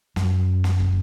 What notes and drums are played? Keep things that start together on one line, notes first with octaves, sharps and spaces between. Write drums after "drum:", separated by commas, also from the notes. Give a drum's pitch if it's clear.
F#2, drum: snare
drum: snare
drum: kick